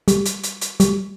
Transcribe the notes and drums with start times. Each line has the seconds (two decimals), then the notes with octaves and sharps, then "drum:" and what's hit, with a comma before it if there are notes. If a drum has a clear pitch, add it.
0.08 G3, drum: hi-hat
0.25 drum: hi-hat
0.43 drum: hi-hat
0.61 drum: hi-hat
0.80 G3, drum: hi-hat